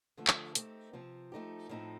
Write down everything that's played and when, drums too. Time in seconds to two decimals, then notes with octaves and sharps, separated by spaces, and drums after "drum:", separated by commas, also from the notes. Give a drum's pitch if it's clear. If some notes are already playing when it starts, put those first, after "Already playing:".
0.17 D3 F3 A3
0.27 drum: clap
0.55 A3 C4 D#4 G4, drum: hi-hat
0.93 C3 F3 C4
1.32 F3 A3 D#4 G4
1.69 A2 F3 C4 D#4 A4